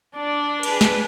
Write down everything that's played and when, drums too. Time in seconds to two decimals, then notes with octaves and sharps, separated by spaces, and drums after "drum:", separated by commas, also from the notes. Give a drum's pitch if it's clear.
0.17 D4 D5
0.63 G#4 B4, drum: cymbal
0.81 drum: snare